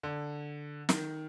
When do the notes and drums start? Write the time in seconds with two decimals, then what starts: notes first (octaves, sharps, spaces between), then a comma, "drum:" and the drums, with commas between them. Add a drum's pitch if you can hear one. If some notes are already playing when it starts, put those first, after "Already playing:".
0.03 D3
0.89 D#3, drum: snare